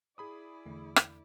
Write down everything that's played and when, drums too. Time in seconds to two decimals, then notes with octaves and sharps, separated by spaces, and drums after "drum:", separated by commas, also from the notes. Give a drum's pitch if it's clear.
0.18 E4 G#4 D5 B5 D#6
0.66 E2 D3 A3
0.96 drum: rim click